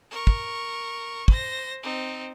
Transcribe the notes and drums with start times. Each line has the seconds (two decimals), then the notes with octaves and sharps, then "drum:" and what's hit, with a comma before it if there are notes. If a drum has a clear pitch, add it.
0.11 A#4 C#6
0.27 drum: kick
1.28 C5 A#6, drum: kick
1.83 C4 D#4